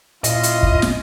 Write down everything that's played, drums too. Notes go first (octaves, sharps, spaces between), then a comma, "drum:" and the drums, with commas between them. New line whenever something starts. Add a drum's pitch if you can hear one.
A#2 C#4 E4 F4 D#5, drum: hi-hat
drum: hi-hat
drum: kick
drum: snare